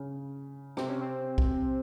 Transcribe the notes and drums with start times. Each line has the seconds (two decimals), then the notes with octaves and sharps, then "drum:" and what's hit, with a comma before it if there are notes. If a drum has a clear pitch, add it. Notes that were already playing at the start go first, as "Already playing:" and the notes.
Already playing: C#3
0.77 C3 C4, drum: rim click
0.89 C#4
1.01 C4
1.38 drum: kick B1